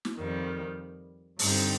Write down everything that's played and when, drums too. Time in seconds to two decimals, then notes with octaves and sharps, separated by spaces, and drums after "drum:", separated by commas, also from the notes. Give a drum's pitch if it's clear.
0.05 drum: snare
0.17 F2 D#3 G3
1.39 G2 D3 G3 C4 D#4, drum: open hi-hat